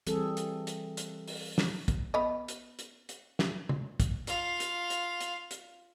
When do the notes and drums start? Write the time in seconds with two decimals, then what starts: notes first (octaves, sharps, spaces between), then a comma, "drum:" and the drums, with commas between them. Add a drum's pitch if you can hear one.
0.07 E3 G3 C4 G#4 A4, drum: hi-hat
0.37 drum: hi-hat
0.67 drum: hi-hat
0.97 drum: hi-hat
1.28 drum: open hi-hat
1.58 drum: snare
1.88 drum: kick, hi-hat
2.14 B3 B4 D#5
2.48 drum: hi-hat
2.79 drum: hi-hat
3.09 drum: hi-hat
3.39 drum: snare
3.69 drum: tom C3
4.00 drum: kick, hi-hat
4.27 F4 F5, drum: hi-hat
4.60 drum: hi-hat
4.90 drum: hi-hat
5.21 drum: hi-hat
5.51 drum: hi-hat